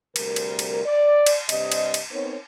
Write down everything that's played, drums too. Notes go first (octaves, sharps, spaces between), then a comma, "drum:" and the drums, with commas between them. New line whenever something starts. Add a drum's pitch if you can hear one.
D2 C3 G3 A#4, drum: cymbal
drum: cymbal
drum: cymbal
D5
drum: cymbal
G2 C3 D5 D#5, drum: cymbal
drum: cymbal
drum: cymbal
B3 C4 D#4 A#4 C#5